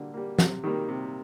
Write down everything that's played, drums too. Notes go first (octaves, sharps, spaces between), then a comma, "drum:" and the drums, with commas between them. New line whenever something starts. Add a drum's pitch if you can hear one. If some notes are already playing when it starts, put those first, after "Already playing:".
Already playing: D3 G3 A#3
G3 A#3
C3, drum: snare
D#3 G3 A#3
C3